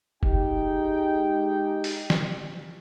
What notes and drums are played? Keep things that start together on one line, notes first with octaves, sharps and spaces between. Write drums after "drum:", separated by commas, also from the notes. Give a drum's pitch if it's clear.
G#3 D#4 G4 G5, drum: kick
drum: open hi-hat
drum: snare